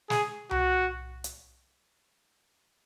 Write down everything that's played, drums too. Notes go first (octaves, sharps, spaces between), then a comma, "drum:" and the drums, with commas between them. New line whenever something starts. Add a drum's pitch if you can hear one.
G#4, drum: snare
F#4, drum: tom C2
drum: hi-hat